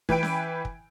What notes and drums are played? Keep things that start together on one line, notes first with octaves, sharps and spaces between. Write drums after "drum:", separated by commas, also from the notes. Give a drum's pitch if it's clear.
E3 B4 G5 D7, drum: kick
drum: snare C#4
drum: kick